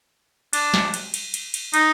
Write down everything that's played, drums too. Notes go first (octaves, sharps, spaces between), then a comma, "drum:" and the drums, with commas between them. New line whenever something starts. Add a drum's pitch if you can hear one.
D4, drum: cymbal
drum: snare
drum: cymbal
drum: cymbal
drum: cymbal
drum: cymbal
D#4, drum: cymbal